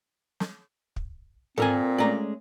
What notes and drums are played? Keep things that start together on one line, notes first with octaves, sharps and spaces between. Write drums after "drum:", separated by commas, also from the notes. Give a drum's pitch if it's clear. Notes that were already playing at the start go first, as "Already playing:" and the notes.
drum: snare
drum: kick
A#2 C4 A4 A#4 G#5, drum: tom G#2
G#3 A3 C#4 D5 A#5